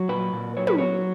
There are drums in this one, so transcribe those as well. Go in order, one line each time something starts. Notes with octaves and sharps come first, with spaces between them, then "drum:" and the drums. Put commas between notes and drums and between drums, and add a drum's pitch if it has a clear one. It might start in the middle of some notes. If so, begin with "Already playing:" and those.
Already playing: F#3
A#2 B4
A#2
F#3 C#5
B4, drum: tom
F#3 C#5